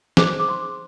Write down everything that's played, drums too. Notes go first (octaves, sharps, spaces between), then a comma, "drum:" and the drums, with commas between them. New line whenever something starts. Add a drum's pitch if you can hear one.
D#4 G#4 C5 D6, drum: snare
D6
C6